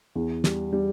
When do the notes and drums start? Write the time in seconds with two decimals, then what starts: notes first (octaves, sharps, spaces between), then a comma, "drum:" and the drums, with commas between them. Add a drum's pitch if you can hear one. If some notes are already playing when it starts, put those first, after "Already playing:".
0.15 E2
0.44 G3, drum: snare
0.73 G3